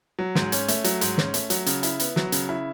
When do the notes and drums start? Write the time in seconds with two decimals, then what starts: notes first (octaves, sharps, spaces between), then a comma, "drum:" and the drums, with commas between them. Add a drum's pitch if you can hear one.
0.19 F#3
0.35 G#2, drum: snare
0.52 C#4, drum: hi-hat
0.68 A3, drum: hi-hat
0.84 F#3, drum: hi-hat
1.01 G#2, drum: hi-hat
1.18 C#4, drum: snare
1.34 A3, drum: hi-hat
1.50 F#3, drum: hi-hat
1.66 C#3, drum: hi-hat
1.83 E4, drum: hi-hat
2.00 B3, drum: hi-hat
2.16 F#3, drum: snare
2.32 C#3, drum: hi-hat
2.49 E4